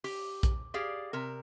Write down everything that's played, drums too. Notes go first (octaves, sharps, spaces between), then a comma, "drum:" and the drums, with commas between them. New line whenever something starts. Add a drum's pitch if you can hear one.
G4, drum: open hi-hat
drum: kick A#1, hi-hat
G4 G#4 D5 F5
C3 A#4